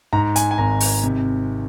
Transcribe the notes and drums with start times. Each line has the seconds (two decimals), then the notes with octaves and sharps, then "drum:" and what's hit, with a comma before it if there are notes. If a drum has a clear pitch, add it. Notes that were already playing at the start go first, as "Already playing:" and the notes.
0.13 G#2 A#5
0.36 G#5, drum: hi-hat
0.51 G#5
0.58 G#1 A#5
0.80 drum: open hi-hat
1.03 C3